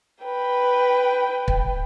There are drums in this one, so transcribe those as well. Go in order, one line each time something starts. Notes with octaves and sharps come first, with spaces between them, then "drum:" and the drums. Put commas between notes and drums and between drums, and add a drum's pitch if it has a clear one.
B4 G5
drum: kick